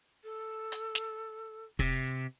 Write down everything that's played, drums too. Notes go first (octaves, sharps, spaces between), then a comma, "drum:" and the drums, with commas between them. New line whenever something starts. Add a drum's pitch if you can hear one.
A4
drum: hi-hat
drum: snare
C3, drum: kick